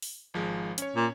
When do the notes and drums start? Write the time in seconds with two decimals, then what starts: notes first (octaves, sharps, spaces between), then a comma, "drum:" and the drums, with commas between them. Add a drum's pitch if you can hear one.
0.02 drum: open hi-hat
0.34 G#1 F3 G#3
0.78 C#4 C#5, drum: hi-hat
0.96 A#2